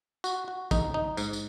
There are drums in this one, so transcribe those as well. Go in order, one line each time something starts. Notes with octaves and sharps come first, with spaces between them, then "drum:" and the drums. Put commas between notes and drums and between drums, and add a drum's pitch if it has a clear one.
F#4, drum: tambourine
F#4
D#4, drum: kick, tambourine
D#4
G#2, drum: tambourine
drum: tambourine